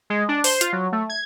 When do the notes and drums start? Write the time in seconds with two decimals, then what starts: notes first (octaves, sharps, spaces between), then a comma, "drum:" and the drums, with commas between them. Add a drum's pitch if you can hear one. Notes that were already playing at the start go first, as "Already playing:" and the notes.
0.10 G#3
0.29 D4
0.44 C5, drum: open hi-hat
0.61 F4, drum: hi-hat
0.73 F#3
0.92 A3
1.09 G#6